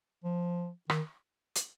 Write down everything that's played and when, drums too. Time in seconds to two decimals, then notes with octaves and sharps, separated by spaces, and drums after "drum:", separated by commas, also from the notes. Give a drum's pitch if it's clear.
0.24 F3
0.90 D#3, drum: rim click
1.56 drum: hi-hat